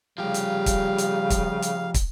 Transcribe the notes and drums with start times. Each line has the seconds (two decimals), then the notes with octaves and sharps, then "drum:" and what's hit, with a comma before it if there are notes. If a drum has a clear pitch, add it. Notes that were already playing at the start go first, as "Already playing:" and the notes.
0.18 C#3 F3 G3 G4 F5
0.34 drum: hi-hat
0.66 drum: kick, hi-hat
0.98 drum: hi-hat
1.30 drum: kick, hi-hat
1.62 drum: hi-hat
1.94 drum: kick, hi-hat